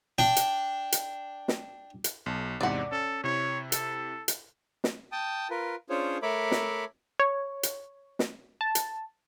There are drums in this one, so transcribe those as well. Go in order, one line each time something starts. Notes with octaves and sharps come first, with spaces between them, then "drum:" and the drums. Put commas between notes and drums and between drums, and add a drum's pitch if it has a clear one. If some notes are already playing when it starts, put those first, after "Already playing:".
D4 G5
drum: hi-hat
drum: hi-hat
drum: snare
drum: hi-hat
B1 A5
E2 G#2 C3 D5 F#5
C#4 A4
C3 E4 C#5
A4, drum: hi-hat
drum: hi-hat
drum: snare
G5 A5 D#6
F4 A#4 B4
C#4 D4 F4 G#4 C5 C#5
A3 A#4 C#5 E5 B5 D6
drum: snare
C#5
drum: hi-hat
drum: snare
A5
drum: hi-hat